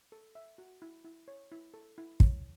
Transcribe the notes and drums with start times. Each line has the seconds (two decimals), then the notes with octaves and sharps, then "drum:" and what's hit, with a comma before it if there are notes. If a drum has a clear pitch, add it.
0.12 A4
0.35 E5
0.58 F#4
0.82 E4
1.05 E4
1.28 C#5
1.52 E4
1.74 A4
1.98 E4
2.20 C#5, drum: kick